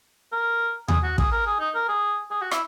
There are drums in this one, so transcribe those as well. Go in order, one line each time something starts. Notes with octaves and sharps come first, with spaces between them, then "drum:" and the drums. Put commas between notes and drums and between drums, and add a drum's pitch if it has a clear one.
A#4
G#4, drum: tom D#2
F#4
G#4, drum: kick
A#4
G#4
D#4
A#4
G#4
G#4
F#4
E4, drum: rim click